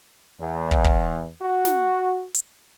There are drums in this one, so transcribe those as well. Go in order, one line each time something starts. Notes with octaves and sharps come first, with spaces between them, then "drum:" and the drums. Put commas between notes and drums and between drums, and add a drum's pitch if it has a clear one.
E2
drum: kick
drum: kick
F#4
drum: snare
drum: hi-hat